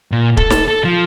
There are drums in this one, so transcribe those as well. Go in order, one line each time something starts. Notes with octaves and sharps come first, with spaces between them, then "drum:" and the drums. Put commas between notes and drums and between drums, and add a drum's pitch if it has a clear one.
A#2
A4, drum: kick
drum: snare
A4
F3